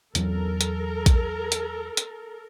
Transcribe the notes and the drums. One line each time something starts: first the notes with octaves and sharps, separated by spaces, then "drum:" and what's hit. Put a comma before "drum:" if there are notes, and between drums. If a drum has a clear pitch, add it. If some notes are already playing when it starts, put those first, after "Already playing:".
E2 E3 F#3 A4 A#4, drum: hi-hat
drum: hi-hat
drum: kick A#1, hi-hat
drum: hi-hat
drum: hi-hat